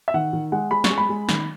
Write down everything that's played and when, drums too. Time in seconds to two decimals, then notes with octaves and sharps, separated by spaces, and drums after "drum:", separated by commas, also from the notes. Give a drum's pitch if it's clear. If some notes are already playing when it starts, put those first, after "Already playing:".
0.08 E5
0.14 D#3 F#5
0.33 D#3
0.52 G#3 F#5
0.71 G#3 B5
0.84 C#6, drum: snare
0.90 G#3
0.98 B5
1.09 G#3
1.29 D#3, drum: snare